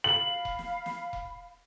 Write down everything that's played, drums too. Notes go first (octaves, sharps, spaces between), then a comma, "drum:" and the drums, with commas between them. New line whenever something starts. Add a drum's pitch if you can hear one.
F5 B5 F#7
drum: kick E1
drum: snare
drum: snare
drum: kick E1